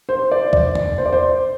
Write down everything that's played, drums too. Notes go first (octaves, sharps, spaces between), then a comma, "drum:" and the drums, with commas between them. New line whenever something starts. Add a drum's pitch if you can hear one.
C5
D5
D5, drum: kick C2
drum: tom E2
C5
D5
C5